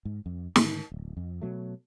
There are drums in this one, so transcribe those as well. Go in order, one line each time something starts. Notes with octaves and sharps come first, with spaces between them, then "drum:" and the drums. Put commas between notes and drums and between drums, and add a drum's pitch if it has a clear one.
G#2
F2
G#2 D3 D#3 A3, drum: snare
D1
F2
B2 F#3 A3